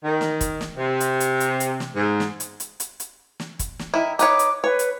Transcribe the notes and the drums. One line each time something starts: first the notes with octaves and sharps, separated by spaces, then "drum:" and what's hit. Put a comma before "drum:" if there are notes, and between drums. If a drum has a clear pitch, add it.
D#3
drum: snare
drum: kick, hi-hat
drum: snare
C3
drum: hi-hat
drum: hi-hat
drum: hi-hat
drum: hi-hat
drum: snare
G#2
drum: snare
drum: hi-hat
drum: hi-hat
drum: hi-hat
drum: hi-hat
drum: snare
drum: kick, hi-hat
drum: snare
D#3 E4
D#4 B4 C#5 D6, drum: hi-hat
drum: hi-hat
B4 C#5
drum: hi-hat